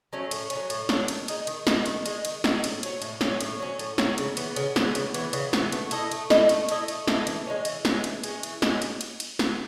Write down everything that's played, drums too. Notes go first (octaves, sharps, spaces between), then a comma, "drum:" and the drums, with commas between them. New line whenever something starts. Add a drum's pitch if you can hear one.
F#3 A3 C#4
A2, drum: cymbal
A3 C#4, drum: cymbal
F#3
A2, drum: cymbal
F#3 A3 C#4, drum: snare
D#3, drum: cymbal
G#3 D#4, drum: cymbal
D#3, drum: cymbal
G#3 D#4, drum: snare
D#3, drum: cymbal
G#3 D#4, drum: cymbal
D#3, drum: cymbal
G#3 D#4, drum: snare
A2, drum: cymbal
F#3 C#4, drum: cymbal
A2, drum: cymbal
F#3 C#4, drum: snare
A2, drum: cymbal
F#3 C#4
A2, drum: cymbal
F#3 C#4, drum: snare
C#3, drum: cymbal
E3 B3, drum: cymbal
C#3, drum: cymbal
E3 B3, drum: snare
C#3, drum: cymbal
E3 B3, drum: cymbal
C#3, drum: cymbal
E3 B3, drum: snare
A3, drum: cymbal
E4 A4 D#5, drum: cymbal
A3, drum: cymbal
E4 A4 D#5, drum: snare
A3, drum: cymbal
E4 A4 D#5, drum: cymbal
A3, drum: cymbal
E4 A4 D#5, drum: snare
E3, drum: cymbal
G#3 C#4
E3, drum: cymbal
G#3 C#4, drum: snare
E3, drum: cymbal
G#3 C#4, drum: cymbal
E3, drum: cymbal
G#3 C#4, drum: snare
F#3, drum: cymbal
drum: cymbal
drum: cymbal
drum: snare